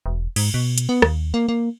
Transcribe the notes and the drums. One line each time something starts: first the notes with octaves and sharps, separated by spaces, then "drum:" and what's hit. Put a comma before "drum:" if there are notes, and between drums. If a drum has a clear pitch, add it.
E1
G#2, drum: cymbal
B2
drum: hi-hat
B3
D#2, drum: rim click
A#3
A#3